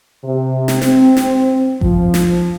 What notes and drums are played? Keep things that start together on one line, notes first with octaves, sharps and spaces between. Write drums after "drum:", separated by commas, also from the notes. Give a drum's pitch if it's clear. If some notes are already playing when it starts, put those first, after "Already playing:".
C3
drum: snare
C4, drum: snare
drum: snare
F3, drum: kick A1
drum: snare